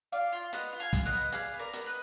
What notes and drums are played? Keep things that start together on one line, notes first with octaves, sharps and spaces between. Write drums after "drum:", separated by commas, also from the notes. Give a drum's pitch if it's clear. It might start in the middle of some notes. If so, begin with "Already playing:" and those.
F4 D5 F5
F4
B3 D#5 F#5, drum: hi-hat
F4
F5 G#5
F4, drum: kick, hi-hat
D#5 F#5
B3
G#4 D5 F5, drum: hi-hat
B3
A#4 D5
B3, drum: hi-hat
B4 D#5